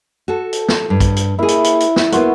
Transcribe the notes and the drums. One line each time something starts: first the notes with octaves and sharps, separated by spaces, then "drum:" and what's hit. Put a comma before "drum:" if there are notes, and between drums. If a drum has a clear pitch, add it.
F#4 A4
drum: hi-hat
drum: snare
G2
drum: kick A#1, hi-hat
drum: hi-hat
A#3 E4 G#4
drum: hi-hat
drum: hi-hat
drum: hi-hat
drum: snare
A#3 B3 F#4 C6, drum: hi-hat